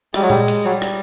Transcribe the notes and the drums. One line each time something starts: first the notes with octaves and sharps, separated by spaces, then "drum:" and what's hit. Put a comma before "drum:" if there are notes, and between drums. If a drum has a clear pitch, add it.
G3 G#3, drum: rim click
F#3
G3, drum: tom A#2
drum: hi-hat
F#3 G3
drum: rim click